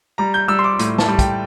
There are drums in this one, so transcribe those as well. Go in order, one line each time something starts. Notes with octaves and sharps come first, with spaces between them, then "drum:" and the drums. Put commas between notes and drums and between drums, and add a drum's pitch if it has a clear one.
G3 A#5
G6
G3 E6
C6
D6
A2, drum: hi-hat
A5, drum: snare
G3
G5, drum: kick, hi-hat